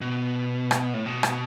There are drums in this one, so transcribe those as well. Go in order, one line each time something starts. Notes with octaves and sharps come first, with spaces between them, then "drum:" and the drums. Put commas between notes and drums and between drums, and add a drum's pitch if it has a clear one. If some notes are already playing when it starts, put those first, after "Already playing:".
B2
drum: rim click
A2
B2
drum: rim click